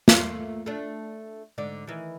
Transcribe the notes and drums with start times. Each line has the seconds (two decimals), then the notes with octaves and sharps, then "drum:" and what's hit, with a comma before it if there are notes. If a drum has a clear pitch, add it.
0.08 A3 A#3 F4, drum: snare
0.66 A3 D4
1.58 G#2 D3 D5
1.87 D#3 E3